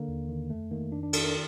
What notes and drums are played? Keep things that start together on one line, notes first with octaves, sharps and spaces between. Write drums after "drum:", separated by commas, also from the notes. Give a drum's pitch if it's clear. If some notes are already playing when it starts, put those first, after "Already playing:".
Already playing: D3 A#3
D#2
D#3
F2 A3
D#3 A#3
F2 D4
D4
D#3 A4, drum: cymbal
A#4